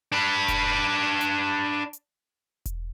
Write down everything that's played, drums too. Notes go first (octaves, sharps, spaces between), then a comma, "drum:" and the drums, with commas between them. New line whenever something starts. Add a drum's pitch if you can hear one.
D4 B4
drum: kick E1, hi-hat
drum: hi-hat
drum: hi-hat
drum: kick E1, hi-hat